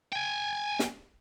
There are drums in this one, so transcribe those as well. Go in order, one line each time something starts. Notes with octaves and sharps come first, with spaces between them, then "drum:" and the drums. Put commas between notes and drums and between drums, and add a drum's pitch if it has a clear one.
G5 G#5
drum: snare